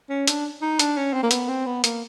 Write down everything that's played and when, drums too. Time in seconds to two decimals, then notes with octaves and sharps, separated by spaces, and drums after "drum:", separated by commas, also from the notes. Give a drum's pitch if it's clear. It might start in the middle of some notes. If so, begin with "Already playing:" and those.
0.10 C#4
0.28 D4, drum: hi-hat
0.61 D#4
0.79 D4, drum: hi-hat
0.97 C#4
1.14 C4
1.23 A#3
1.31 B3, drum: hi-hat
1.48 C4
1.66 B3
1.84 A#3, drum: hi-hat